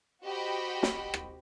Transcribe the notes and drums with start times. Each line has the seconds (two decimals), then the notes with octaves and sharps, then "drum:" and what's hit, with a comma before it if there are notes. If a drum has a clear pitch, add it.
0.24 F#4 G4 C5 D#5 G5 B5
0.83 drum: snare
1.14 drum: rim click